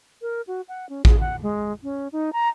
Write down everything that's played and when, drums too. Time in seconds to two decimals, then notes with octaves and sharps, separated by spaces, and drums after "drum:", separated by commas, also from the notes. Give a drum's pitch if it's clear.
0.22 A#4
0.47 F#4
0.68 F#5
0.89 C#4
1.05 G#4, drum: kick A1
1.20 F#5
1.43 G#3
1.83 C#4
2.12 D#4
2.33 A#5